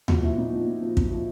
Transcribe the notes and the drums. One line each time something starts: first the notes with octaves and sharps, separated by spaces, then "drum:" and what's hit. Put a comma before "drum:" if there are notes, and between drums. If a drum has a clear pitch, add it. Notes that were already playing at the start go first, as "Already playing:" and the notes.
A#2 F#4, drum: tom D#2
F3 E4
A#2 D#4
F3
A#2
F3
A#2, drum: kick
F3